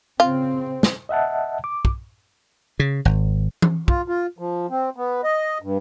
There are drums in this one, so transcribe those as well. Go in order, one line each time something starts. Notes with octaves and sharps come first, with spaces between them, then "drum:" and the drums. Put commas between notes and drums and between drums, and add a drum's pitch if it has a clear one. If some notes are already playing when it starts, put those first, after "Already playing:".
C#3 C4 F4
drum: snare
D#5 E5 F#5 A5
D6
drum: kick
C#3
G#1
drum: tom E3
F4, drum: kick
F4
F3
C4
B3
D#5
G2